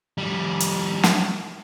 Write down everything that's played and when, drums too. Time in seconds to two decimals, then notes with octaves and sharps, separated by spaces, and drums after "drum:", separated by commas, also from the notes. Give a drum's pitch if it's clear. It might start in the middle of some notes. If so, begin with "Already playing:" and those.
0.18 F3 G3
0.60 drum: hi-hat
1.03 drum: snare